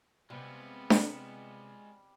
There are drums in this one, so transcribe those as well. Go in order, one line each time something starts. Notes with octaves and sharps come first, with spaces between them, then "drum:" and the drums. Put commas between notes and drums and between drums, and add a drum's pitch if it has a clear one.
C3 G3 G#3 B3 F4
drum: snare D4